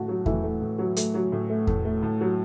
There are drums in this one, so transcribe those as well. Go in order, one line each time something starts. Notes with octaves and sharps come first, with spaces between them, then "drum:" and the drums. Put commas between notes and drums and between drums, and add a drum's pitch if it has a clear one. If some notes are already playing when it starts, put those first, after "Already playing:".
Already playing: A2 A3 F#4 F#5
F#3
E3 A3 E4, drum: kick E2
A3
A2
F#3
A3, drum: hi-hat
F#3
A2
A3
A2, drum: kick E2
A3
A2
F#3